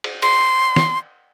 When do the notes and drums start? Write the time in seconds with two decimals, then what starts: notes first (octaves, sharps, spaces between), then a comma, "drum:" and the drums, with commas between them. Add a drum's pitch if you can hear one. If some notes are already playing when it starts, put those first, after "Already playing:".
0.04 drum: cymbal
0.22 C6, drum: cymbal
0.76 drum: snare